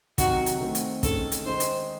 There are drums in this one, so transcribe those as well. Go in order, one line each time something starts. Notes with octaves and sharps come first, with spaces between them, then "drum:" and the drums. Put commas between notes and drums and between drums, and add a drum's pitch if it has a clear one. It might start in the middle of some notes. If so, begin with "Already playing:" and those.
C3 D#3 F#3 F#4, drum: kick, hi-hat
drum: hi-hat
D#3 A3 C4
drum: hi-hat
D#3 G#3 C#4 A4, drum: kick, hi-hat
drum: hi-hat
D#3 G#3 D#4 C5
drum: hi-hat